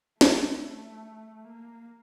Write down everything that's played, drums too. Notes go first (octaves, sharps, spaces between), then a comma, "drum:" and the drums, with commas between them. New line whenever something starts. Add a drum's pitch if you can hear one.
A3, drum: snare
A#3